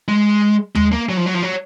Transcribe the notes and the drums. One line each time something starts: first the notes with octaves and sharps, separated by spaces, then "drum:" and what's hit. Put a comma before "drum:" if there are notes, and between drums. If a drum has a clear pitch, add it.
G#3
G#3, drum: tom D#2
A#3
F#3
F3
F#3
F3
F#3